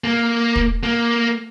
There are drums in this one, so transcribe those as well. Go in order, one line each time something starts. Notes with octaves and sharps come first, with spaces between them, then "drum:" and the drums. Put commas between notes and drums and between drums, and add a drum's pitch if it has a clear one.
A#3
drum: kick
A#3